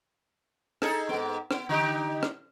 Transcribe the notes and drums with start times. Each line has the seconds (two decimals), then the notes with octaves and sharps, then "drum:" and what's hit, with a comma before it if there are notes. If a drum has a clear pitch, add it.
0.82 D#4 G#4 A4, drum: rim click
1.09 G#2 B3
1.51 B3, drum: rim click
1.69 D3 D#4 G4
2.23 drum: rim click